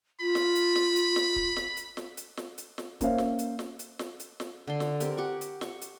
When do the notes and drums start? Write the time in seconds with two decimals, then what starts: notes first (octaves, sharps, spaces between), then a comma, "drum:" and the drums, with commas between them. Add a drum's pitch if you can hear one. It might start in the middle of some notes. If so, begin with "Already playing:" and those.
0.21 F4 B5
0.35 drum: snare
0.55 drum: hi-hat
0.76 drum: snare
0.96 drum: hi-hat
1.16 drum: snare
1.36 drum: kick
1.56 drum: snare
1.77 drum: hi-hat
1.97 drum: snare
2.17 drum: hi-hat
2.37 drum: snare
2.58 drum: hi-hat
2.78 drum: snare
3.01 A#3 C#4 C5 E5 F5, drum: kick, hi-hat
3.18 drum: snare
3.39 drum: hi-hat
3.59 drum: snare
3.79 drum: hi-hat
3.99 drum: snare
4.20 drum: hi-hat
4.40 drum: snare
4.67 D3 C6
4.80 drum: snare
5.00 C4 G4 A#4, drum: hi-hat
5.17 G4 F#5 C#6
5.41 drum: hi-hat
5.61 C#6, drum: snare
5.81 drum: hi-hat